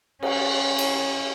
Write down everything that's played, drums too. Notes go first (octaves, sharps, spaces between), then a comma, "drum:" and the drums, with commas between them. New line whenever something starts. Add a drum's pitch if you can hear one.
C#4, drum: cymbal
drum: cymbal